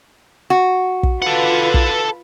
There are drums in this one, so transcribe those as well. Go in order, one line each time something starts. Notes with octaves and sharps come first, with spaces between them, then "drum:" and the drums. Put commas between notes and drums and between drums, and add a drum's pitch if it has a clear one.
F#4
drum: kick
F4 A4 B4 F#5
drum: kick